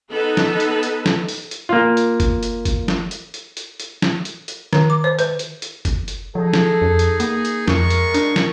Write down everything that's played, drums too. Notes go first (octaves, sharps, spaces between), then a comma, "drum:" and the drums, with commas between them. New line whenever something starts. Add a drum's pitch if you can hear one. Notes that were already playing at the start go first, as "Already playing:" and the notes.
B3 D#4 A4 B4
drum: snare
drum: hi-hat
drum: hi-hat
drum: snare
drum: open hi-hat
drum: hi-hat
A#3 F4
drum: hi-hat
drum: kick, hi-hat
drum: hi-hat
drum: kick, hi-hat
drum: snare
drum: hi-hat
drum: hi-hat
drum: hi-hat
drum: hi-hat
drum: snare
drum: hi-hat
drum: hi-hat
D#3, drum: snare
D6
C5
B4, drum: hi-hat
drum: hi-hat
drum: hi-hat
drum: kick, hi-hat
drum: hi-hat
F3 D#4 G#4 A4
drum: snare
F2
drum: hi-hat
A#3, drum: hi-hat
drum: hi-hat
F2 G#3 F4 A#4 C#6, drum: snare
drum: hi-hat
D4, drum: hi-hat
drum: snare